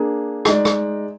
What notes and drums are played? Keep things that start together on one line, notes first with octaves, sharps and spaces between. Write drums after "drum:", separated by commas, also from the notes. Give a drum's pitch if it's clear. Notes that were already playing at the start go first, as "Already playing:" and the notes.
Already playing: A#3 D4 G#4
G#3 D#4 G#4 D5, drum: rim click
drum: rim click